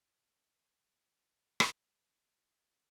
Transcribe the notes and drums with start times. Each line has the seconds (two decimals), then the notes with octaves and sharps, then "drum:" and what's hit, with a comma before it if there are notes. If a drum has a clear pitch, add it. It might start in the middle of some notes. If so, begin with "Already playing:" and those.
1.60 drum: rim click
1.78 D5 A#5